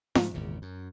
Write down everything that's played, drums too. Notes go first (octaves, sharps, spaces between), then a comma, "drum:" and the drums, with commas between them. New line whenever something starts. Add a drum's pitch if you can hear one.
G#2 F3 A3, drum: snare
G#1 E2 A#2 C#3
F#2